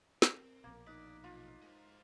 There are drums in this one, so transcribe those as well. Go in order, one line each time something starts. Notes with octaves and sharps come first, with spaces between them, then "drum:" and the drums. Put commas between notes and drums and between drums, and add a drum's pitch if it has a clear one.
C4 A#4, drum: snare
A#1 B2 A#3
D#4 D5 D#5 F#6 B6
B1 F4
G#3 C5